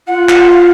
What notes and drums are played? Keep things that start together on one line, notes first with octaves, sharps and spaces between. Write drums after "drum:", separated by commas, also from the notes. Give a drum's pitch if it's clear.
F4 F#5
drum: clap
F5